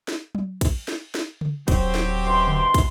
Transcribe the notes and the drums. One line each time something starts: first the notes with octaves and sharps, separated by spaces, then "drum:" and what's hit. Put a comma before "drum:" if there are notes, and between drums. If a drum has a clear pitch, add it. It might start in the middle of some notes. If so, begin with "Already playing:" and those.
drum: snare
drum: tom F#3
drum: kick, cymbal
drum: snare
drum: snare
drum: tom C#3
D#1 F#3 C4 G4, drum: kick, cymbal
drum: snare
F#2 B2 C6
drum: tom C#3
drum: kick, cymbal